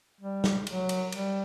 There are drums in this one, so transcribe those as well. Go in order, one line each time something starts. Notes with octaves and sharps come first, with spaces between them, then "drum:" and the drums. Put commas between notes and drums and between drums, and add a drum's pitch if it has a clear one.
G3
drum: snare
F#3, drum: cymbal
drum: cymbal
G3, drum: cymbal